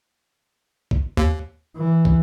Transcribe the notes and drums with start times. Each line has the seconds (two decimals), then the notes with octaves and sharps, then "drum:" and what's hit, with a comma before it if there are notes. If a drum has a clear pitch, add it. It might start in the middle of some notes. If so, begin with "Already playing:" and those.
0.91 drum: kick
1.17 D#2
1.77 E3
2.05 drum: kick